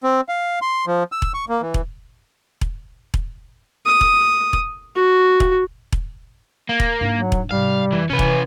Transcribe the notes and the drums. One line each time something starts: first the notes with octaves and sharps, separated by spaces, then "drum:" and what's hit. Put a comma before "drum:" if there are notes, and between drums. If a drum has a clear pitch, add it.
C4
F5
C6
F3
E6
drum: kick E1
C#6
A#3
E3
drum: kick E1
drum: kick E1
drum: kick E1
D#6
drum: kick E1
drum: kick E1
F#4
drum: kick E1
drum: kick E1
A#3
drum: kick E1
G#2 D4
F#3
drum: kick E1
G#2 C3 G3 F5
F2 E3
C3 E3 G#3 C#4 B4
drum: kick E1